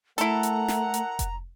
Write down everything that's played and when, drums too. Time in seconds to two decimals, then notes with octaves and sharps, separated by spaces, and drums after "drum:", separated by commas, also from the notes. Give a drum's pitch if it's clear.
0.18 A3 E4 A4 A#4 E5 F#5 A#5, drum: hi-hat
0.43 drum: hi-hat
0.68 drum: snare
0.94 drum: hi-hat
1.19 drum: kick F1, hi-hat